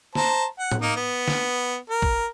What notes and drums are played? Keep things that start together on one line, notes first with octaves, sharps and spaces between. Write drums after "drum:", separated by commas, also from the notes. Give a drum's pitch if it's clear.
C5 A5 A#5, drum: snare
F#5
drum: tom A2
A#3 D#4
B3
drum: snare
A#4
drum: kick